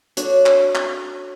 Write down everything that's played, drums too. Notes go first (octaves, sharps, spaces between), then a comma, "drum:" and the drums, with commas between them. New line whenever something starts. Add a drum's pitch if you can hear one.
D4 F#4 A4 C#5, drum: hi-hat
drum: clap
drum: clap